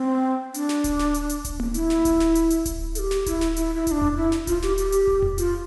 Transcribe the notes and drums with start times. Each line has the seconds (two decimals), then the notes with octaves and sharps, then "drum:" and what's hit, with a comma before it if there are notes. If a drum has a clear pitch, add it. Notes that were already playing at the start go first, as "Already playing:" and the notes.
Already playing: C4
0.54 D4, drum: hi-hat
0.69 drum: snare
0.84 drum: kick D1, hi-hat
0.99 drum: snare
1.14 drum: hi-hat
1.29 drum: hi-hat
1.45 drum: kick D1, hi-hat
1.60 drum: tom A#3
1.74 E4, drum: hi-hat
1.90 drum: snare
2.05 drum: kick D1, hi-hat
2.20 drum: snare
2.35 drum: hi-hat
2.50 drum: hi-hat
2.65 drum: kick D1, hi-hat
2.95 A4, drum: hi-hat
2.99 G4
3.11 drum: snare
3.26 E4, drum: kick D1, hi-hat
3.41 drum: snare
3.56 E4, drum: hi-hat
3.75 E4
3.87 E4, drum: kick D1, hi-hat
3.91 D4
4.02 drum: tom E2
4.17 E4
4.32 drum: snare
4.47 F4, drum: kick D1, hi-hat
4.62 G4, drum: snare
4.78 G4, drum: hi-hat
4.92 drum: hi-hat
5.07 drum: kick D1
5.22 drum: tom E2
5.38 F4, drum: hi-hat